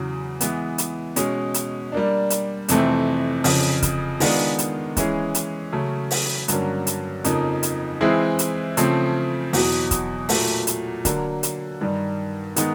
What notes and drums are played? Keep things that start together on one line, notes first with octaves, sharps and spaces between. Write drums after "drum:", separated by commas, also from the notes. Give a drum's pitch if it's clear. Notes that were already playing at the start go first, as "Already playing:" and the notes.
Already playing: E2 C#3 F#3
E3 G#3 B3, drum: hi-hat
drum: hi-hat
B2 G#3 C#4, drum: hi-hat
drum: hi-hat
G3 A#3 D4
drum: hi-hat
F2 C3 E3 A3 C4, drum: hi-hat
F2 C#3 F3, drum: open hi-hat
drum: kick, hi-hat
D#3 G#3 B3 D4 F4, drum: open hi-hat
drum: hi-hat
E3 G#3 C#4 E4 G#4, drum: kick, hi-hat
drum: hi-hat
C#3 F#3 A3 C#4
drum: open hi-hat
G2 D3 F#3 A#3 C#4, drum: hi-hat
drum: hi-hat
F2 C#3 F3 A#3 D#4, drum: hi-hat
drum: hi-hat
E3 G#3 C4 E4 G#4
drum: hi-hat
C#3 F3 A3 C4, drum: hi-hat
E2 B2 F#3, drum: open hi-hat
drum: kick, hi-hat
A#2 F#3 A3, drum: open hi-hat
drum: hi-hat
D3 F#3 A#3, drum: kick, hi-hat
drum: hi-hat
G2 D#3 G3
D#3 G#3 B3 D#4, drum: hi-hat